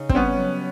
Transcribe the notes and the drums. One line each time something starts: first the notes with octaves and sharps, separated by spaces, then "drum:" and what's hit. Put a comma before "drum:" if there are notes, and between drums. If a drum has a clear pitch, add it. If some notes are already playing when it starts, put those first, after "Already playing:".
Already playing: C#3 D#4
C4, drum: kick
G3 B3 C#4
F#3